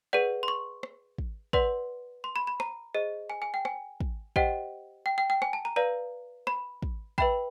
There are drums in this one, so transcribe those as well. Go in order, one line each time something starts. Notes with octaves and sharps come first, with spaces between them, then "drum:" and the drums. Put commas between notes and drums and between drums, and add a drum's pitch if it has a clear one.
G#4 B4 D5 F#5
C6
C#6
drum: rim click
drum: kick
B4 D5 F#5 C6, drum: kick
C6
B5
B5
A#5, drum: rim click
G#4 C5 D#5
G#5
G#5
G5
G#5, drum: rim click
drum: kick
G4 C5 D#5 F#5 G5, drum: kick
G5
G5
G5
G#5, drum: rim click
A5
A#5
B4 D5 F5 A#5
B5, drum: rim click
drum: kick
B4 E5 G5 B5, drum: kick